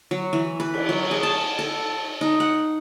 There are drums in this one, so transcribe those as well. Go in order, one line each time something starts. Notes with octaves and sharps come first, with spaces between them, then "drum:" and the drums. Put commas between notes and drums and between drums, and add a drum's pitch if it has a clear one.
F#3
E3
B4
drum: cymbal
F#3
G#4
A5
A4
D#4
F#5